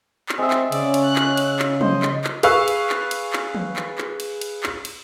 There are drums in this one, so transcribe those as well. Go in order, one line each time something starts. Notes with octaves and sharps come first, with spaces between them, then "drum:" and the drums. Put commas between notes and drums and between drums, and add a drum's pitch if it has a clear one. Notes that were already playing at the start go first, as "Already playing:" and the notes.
drum: clap
G#3 C4 E5
drum: clap
C#3 C#4 D5, drum: cymbal
drum: cymbal
F#6
drum: clap
drum: cymbal
drum: clap
C5 D#5, drum: tom
drum: clap
drum: clap
G#4 B4 F5 C#6 E6 F#6, drum: cymbal
drum: cymbal
drum: clap
drum: cymbal
drum: clap
drum: tom
drum: clap
drum: clap
drum: cymbal
drum: cymbal
drum: clap
drum: cymbal